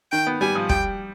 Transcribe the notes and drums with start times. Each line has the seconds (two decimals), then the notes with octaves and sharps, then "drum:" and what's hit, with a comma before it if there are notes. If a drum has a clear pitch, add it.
0.12 D#3 G5
0.27 B3
0.41 G3 G#5
0.55 F3
0.69 G3 G5, drum: kick